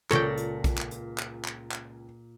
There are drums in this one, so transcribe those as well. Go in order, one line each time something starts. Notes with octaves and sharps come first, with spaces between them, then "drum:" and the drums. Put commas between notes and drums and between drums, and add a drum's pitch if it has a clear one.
C#2 A#2 A4 C#5 G5 A#6, drum: clap
drum: hi-hat
drum: kick A#1, hi-hat
drum: clap
drum: hi-hat
drum: clap
drum: clap
drum: clap